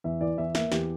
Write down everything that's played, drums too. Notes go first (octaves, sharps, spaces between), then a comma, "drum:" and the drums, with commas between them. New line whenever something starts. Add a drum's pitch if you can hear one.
E2 E5
E3 D5
E2 E5
A#3 E5, drum: snare
E2 G4, drum: snare